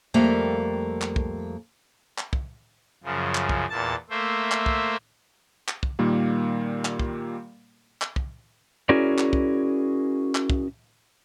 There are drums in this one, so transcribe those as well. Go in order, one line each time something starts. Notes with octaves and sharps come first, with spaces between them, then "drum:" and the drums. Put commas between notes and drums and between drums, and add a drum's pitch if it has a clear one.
F2 G3 A3 A#3 A#4
drum: clap
drum: kick
drum: clap
drum: kick
F#2 C#3 F3
drum: clap
drum: kick
E2 A#2 A5 A6
A3 A#3 C5 E5
drum: clap
drum: kick
drum: clap
drum: kick
A#2 D#3 G3 A#3
drum: clap
drum: kick
drum: clap
drum: kick
C#4 E4 F#4 G#4 A#4 D5
drum: clap
drum: kick
drum: clap
drum: kick